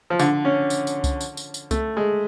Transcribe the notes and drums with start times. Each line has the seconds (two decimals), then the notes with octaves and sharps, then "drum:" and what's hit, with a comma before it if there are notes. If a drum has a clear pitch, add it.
0.10 F3
0.19 D3, drum: tambourine
0.45 C#4
0.70 drum: tambourine
0.87 drum: tambourine
1.04 drum: kick C2, tambourine
1.21 drum: tambourine
1.37 drum: tambourine
1.54 drum: tambourine
1.71 A3, drum: kick C2, tambourine
1.97 G#3